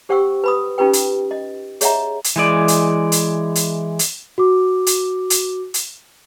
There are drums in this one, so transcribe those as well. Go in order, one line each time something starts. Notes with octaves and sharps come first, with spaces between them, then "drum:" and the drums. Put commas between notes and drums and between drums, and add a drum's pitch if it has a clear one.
G4 C5 F#5 G5 C#6 E6
B4 B5 D#6
C#4 D#4 F4 G4 B4 G5
drum: hi-hat
D#5
G#4 C#5 D#5 E5 F#5 A#5, drum: hi-hat
drum: hi-hat
E3 G#3 D5
drum: hi-hat
drum: hi-hat
drum: hi-hat
drum: hi-hat
F#4 D6
drum: hi-hat
drum: hi-hat
drum: hi-hat